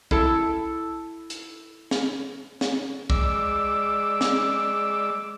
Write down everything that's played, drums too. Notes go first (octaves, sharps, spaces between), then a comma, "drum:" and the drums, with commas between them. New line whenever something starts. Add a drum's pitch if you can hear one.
E4 A4 A5, drum: kick
drum: hi-hat
drum: snare
drum: snare
G#3 D5 D6 E6, drum: kick
drum: snare